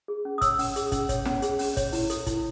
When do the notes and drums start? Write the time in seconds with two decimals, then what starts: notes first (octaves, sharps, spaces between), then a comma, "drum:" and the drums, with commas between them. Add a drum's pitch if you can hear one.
0.08 G#4
0.25 C#4
0.38 D#6
0.41 C#5 E6, drum: kick, hi-hat
0.59 C#4, drum: open hi-hat
0.76 G#4, drum: hi-hat
0.92 C#4, drum: kick, hi-hat
1.09 C#5, drum: kick, hi-hat
1.25 C#4, drum: snare
1.42 G#4, drum: hi-hat
1.59 C#4, drum: open hi-hat
1.77 C#5, drum: kick, hi-hat
1.93 E4, drum: open hi-hat
2.10 A4, drum: hi-hat
2.27 E4, drum: kick, hi-hat